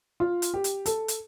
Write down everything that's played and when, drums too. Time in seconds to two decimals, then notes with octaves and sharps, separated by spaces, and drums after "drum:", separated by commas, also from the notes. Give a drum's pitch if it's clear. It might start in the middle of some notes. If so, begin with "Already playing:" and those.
0.20 F4
0.42 drum: hi-hat
0.54 G4
0.64 drum: hi-hat
0.86 A4, drum: hi-hat
1.08 drum: hi-hat